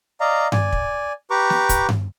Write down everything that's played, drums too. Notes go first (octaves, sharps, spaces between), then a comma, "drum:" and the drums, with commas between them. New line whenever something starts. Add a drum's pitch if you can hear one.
D5 D#5 F5 A#5
D5 G#5, drum: tom G2
drum: kick
G4 B4 A#5 C#6 D6
drum: snare
drum: kick, hi-hat
drum: tom G2